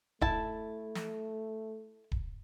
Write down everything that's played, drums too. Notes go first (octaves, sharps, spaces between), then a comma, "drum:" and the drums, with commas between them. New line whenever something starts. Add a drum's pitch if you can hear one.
A3 E4 A5, drum: kick D#1
drum: snare
drum: kick D#1